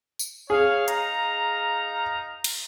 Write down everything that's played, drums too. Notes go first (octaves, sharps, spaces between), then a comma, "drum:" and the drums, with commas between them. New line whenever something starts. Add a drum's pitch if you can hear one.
drum: tambourine
G#4 C#5 F5
D#4 F5 A#5, drum: hi-hat
drum: cymbal